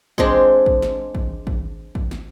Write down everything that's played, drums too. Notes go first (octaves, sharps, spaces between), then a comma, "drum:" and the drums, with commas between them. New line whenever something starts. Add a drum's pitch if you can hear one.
G#3 C4 D4, drum: kick
drum: kick
drum: snare
drum: kick
drum: kick
drum: kick
drum: snare